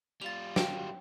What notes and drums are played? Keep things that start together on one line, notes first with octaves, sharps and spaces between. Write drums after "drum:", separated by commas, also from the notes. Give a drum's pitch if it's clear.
G3 F4 A6 F7
G5, drum: snare